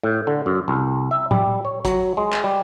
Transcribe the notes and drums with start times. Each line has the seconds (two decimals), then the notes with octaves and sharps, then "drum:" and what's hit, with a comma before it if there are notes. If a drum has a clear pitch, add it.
0.03 A2
0.27 D3
0.46 F#2
0.68 C2
1.11 E5
1.31 G3, drum: tom
1.65 C#5
1.85 F#3, drum: kick, hi-hat
2.17 G#3
2.32 drum: clap
2.44 G3